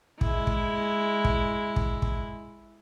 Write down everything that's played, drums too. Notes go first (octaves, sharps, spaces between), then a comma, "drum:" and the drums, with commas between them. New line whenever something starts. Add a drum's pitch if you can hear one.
G#3 E4, drum: kick
drum: kick
drum: kick
drum: kick
drum: kick